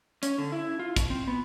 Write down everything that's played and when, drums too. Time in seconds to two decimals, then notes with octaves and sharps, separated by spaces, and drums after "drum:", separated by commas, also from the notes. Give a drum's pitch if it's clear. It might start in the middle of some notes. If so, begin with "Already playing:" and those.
0.23 C#4, drum: hi-hat
0.38 D3
0.52 E4
0.79 F4
0.96 B2, drum: kick, hi-hat
1.10 C4
1.28 B3